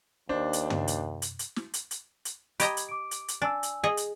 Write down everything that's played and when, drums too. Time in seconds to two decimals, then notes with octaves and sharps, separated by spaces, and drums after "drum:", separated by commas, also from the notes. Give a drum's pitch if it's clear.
0.29 D#2 D4 C5
0.53 drum: hi-hat
0.70 drum: tom
0.88 drum: hi-hat
1.22 drum: hi-hat
1.39 drum: hi-hat
1.56 drum: snare
1.74 drum: hi-hat
1.91 drum: hi-hat
2.25 drum: hi-hat
2.60 G4 D#5 A#5 B5 G#6, drum: hi-hat
2.77 drum: hi-hat
2.89 D6 D7
3.11 drum: hi-hat
3.28 drum: hi-hat
3.42 D4 G#5 E6
3.63 drum: hi-hat
3.84 G#4 D#5
3.97 drum: hi-hat